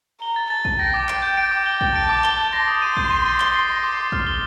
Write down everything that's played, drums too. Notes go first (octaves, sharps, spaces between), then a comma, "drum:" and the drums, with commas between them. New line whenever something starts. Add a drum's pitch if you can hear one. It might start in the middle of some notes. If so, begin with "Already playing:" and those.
A#5 G7
A6
A5 A6
D#7, drum: kick
G5 A#6
D6
D7, drum: clap
G6
G5 D7
D6
G7
A6, drum: kick
A5 D7
D6
G7, drum: clap
G6
C6 A#6
D#6
C6 D#7
G6, drum: kick
D#7
A6
G7, drum: clap
C7
C6 A#6
D6
D6
F6, drum: kick
G7